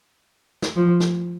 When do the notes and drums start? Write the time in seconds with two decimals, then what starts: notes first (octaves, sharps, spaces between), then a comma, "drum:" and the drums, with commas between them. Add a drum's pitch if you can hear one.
0.62 drum: snare
0.76 F3
1.00 drum: snare